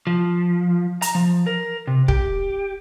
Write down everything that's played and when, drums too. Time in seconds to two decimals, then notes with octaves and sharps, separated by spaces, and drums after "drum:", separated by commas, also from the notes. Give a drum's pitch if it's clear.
0.07 F3
1.02 A#5, drum: hi-hat
1.15 F3
1.47 A#4
1.87 C3
2.08 G4, drum: kick